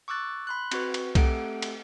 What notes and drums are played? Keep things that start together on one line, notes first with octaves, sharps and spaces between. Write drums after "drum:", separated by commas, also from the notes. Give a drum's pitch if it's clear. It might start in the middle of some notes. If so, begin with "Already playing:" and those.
C#6 D6 E6 F#6 A6
B5 C6 F#6
C4 F#4 B4, drum: cymbal
drum: cymbal
A3 C4 G4 A4 F#5 D7, drum: kick B1, cymbal
drum: cymbal